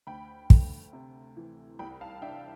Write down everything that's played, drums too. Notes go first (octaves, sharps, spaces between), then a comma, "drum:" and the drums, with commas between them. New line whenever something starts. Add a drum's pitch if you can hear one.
D2 G5 B5
A3, drum: kick
C3
E3
C2 G5 B5
F5 A5
D4 E5 G5